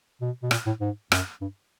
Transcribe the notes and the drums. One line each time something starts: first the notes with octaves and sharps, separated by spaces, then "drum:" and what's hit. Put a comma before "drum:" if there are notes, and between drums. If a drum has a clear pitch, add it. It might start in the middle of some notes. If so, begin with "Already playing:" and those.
B2
B2
A#2, drum: rim click
A2
G#2
F#2, drum: rim click
G2